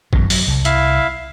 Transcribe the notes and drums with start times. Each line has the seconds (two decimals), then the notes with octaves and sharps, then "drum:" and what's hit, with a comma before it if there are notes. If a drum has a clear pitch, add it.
0.13 F#2 B2 D#3, drum: kick G#1
0.30 F#3, drum: open hi-hat
0.48 C2
0.65 E4 E5 F5, drum: hi-hat